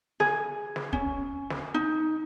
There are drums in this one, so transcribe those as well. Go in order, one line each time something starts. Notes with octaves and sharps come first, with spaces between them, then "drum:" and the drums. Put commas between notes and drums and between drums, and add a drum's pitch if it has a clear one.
G#4, drum: snare
drum: snare
C#4, drum: kick
drum: snare
D#4